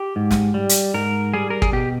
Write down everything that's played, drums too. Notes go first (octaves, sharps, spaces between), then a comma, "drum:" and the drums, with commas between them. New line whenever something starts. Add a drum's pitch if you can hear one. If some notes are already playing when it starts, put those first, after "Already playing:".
Already playing: G4
G#2
drum: snare
G3
drum: hi-hat
G#2 A#4
G3 G#4
A#4
G#4, drum: kick
B2 G4